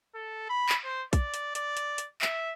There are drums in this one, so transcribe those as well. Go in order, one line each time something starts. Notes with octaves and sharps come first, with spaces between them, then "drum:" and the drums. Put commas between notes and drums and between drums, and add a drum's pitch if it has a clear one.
A4
B5
drum: clap
C5
D5, drum: kick, hi-hat
drum: hi-hat
D5, drum: hi-hat
drum: hi-hat
drum: hi-hat
E5, drum: clap